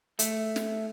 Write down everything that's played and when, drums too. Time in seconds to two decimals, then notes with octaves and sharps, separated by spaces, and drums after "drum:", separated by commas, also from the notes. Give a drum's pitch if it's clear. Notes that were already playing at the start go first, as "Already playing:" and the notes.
0.19 A3, drum: hi-hat
0.56 drum: snare